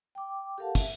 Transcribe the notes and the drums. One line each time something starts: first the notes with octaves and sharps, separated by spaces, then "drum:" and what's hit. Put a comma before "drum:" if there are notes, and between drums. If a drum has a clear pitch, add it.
G5 D6
G4 A4 A#4 F5 F#5 A5
E5, drum: kick, open hi-hat